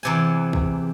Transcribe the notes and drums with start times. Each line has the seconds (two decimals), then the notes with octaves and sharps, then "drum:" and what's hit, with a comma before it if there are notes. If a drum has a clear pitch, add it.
0.03 E2 C3 G#5
0.53 drum: kick